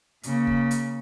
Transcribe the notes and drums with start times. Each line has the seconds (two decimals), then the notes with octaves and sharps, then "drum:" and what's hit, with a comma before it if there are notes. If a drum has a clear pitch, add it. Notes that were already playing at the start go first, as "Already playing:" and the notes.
0.23 C#3 A#3, drum: hi-hat
0.47 drum: kick G1
0.71 drum: hi-hat